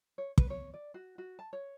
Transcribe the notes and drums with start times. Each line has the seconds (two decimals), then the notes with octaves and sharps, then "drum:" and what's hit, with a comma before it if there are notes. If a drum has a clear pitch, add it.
0.18 C#5
0.38 B4, drum: kick
0.50 C#5
0.74 D5
0.94 F#4
1.18 F#4
1.39 A5
1.53 C#5